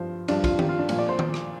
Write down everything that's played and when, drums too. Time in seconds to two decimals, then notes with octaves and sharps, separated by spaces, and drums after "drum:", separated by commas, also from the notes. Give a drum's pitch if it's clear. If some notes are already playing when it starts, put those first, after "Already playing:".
Already playing: G2 F3 C5
0.28 G2 F3 D4, drum: cymbal
0.44 F4, drum: kick, cymbal
0.59 G4, drum: tom D#3
0.69 F4
0.79 D4
0.89 A#2 F3 F4, drum: cymbal
0.99 D5
1.09 C5
1.19 drum: tom D#3
1.34 drum: rim click